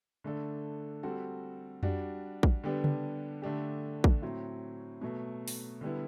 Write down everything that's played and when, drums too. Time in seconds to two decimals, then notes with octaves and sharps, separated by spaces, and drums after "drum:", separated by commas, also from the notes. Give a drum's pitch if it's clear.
0.24 D3 A3 D4 A4
1.03 G3 C4 F#4 A4
1.83 G3 D4 F#4, drum: tom F2
2.43 drum: kick
2.64 D3 G3 B3 D4 G4
2.84 drum: tom C#3
3.42 D3 A3 D4 G4
4.04 drum: kick
4.22 A2 F#3 C4
5.01 B2 F#3 A3
5.48 drum: open hi-hat
5.81 D3 G3 B3 E4